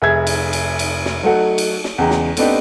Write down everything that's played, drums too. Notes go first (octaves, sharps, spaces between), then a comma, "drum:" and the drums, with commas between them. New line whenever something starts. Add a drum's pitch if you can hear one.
F1 G#4 E5 G#6
drum: cymbal
drum: cymbal
drum: cymbal
drum: snare
F#3 A3 D#4 A4 F#5
drum: cymbal
drum: snare
E2 C#3 G#3 G5 A#5
drum: snare
A3 B3 C4 D4 D#4 G4, drum: cymbal